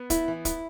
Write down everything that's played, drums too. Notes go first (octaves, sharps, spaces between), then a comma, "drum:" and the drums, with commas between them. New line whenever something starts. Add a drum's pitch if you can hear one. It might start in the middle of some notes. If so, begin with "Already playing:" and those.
Already playing: B3
E4, drum: kick, hi-hat
E3
E4, drum: kick, hi-hat